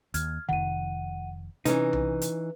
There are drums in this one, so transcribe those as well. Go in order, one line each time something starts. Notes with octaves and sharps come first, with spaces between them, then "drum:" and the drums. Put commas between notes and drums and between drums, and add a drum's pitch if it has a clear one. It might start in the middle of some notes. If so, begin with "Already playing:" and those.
D#2 F6 G#6, drum: hi-hat
F1 D#3 F#5 D#7
C3 E3 C#4 D#4 B4, drum: hi-hat
drum: tom B1
drum: hi-hat